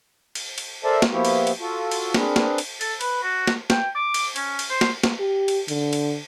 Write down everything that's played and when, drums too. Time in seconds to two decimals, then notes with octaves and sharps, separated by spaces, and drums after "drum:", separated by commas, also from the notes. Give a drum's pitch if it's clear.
0.35 drum: cymbal
0.58 drum: cymbal
0.85 A4 A#4 C5 D5 E5 A5
1.02 drum: snare
1.11 F3 A#3 B3 E4 F#4 G4
1.25 drum: cymbal
1.47 drum: cymbal
1.60 F4 F#4 A4
1.91 drum: cymbal
2.14 C4 D4 G#4 A#4 B4, drum: snare
2.36 drum: snare
2.58 drum: cymbal
2.81 A4, drum: cymbal
3.01 B4, drum: cymbal
3.23 F#4
3.47 drum: snare
3.70 G5, drum: snare
3.95 D6
4.14 drum: cymbal
4.36 C#4, drum: cymbal
4.59 drum: cymbal
4.70 C5
4.81 drum: snare
5.04 drum: snare
5.19 G4
5.48 drum: cymbal
5.68 D3, drum: cymbal
5.93 drum: cymbal